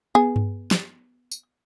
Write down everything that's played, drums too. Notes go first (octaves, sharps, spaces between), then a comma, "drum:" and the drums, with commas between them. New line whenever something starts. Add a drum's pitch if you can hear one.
B3 G#4
drum: tom G2
drum: snare
drum: tambourine